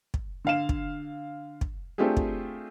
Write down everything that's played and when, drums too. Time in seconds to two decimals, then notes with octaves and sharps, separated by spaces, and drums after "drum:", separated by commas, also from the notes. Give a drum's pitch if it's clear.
0.14 drum: kick
0.45 D3 F5 E7
0.69 drum: kick
1.61 drum: kick
1.98 A3 C4 D4 F4 G4 G#4
2.17 drum: kick